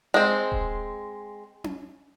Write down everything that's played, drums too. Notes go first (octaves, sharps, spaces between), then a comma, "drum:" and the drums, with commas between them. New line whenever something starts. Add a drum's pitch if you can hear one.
G#3 C4
drum: kick D#1
drum: tom C#4